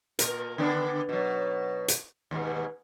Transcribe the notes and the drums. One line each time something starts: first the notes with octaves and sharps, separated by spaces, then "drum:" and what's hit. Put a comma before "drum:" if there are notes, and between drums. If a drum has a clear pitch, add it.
A#2 A#4, drum: hi-hat
D3 B3 D4
B2 F#3
drum: hi-hat
D#2 G#2 B2